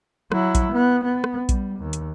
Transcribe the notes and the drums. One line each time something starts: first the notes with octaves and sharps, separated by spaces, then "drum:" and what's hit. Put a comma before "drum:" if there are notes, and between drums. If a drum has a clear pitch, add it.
F#3 E4, drum: rim click
drum: kick A#1, hi-hat
B3
B3
drum: rim click
G3, drum: kick A#1, hi-hat
D#2
drum: hi-hat